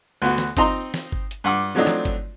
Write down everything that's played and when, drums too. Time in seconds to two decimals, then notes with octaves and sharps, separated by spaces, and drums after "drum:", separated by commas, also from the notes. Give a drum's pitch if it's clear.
0.22 D2 B3 F#4
0.38 drum: snare
0.57 C4 D#4 A#5 C6, drum: kick G1, hi-hat
0.94 drum: snare
1.12 drum: kick G1
1.31 drum: hi-hat
1.44 G2 F#5 D6
1.75 F3 F#3 A3 C4 D4 D#4
1.87 drum: snare
2.05 drum: kick G1, hi-hat